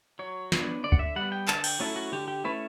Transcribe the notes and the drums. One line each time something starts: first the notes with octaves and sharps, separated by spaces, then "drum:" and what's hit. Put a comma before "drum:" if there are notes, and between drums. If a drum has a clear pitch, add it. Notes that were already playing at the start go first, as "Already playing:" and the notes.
F#3 C#5
B3 D4, drum: snare
D3 D5
F#5, drum: kick D2
E5
G3 B3 F#5
G5
D3 A5, drum: clap
G5, drum: cymbal
F#3 A3 C#4 E4 A4
F#4
D3 G4
G4
A3 C#4 E4 B4